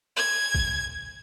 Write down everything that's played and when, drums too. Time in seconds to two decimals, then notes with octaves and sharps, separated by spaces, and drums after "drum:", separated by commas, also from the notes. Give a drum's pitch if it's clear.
0.17 G#6
0.55 drum: kick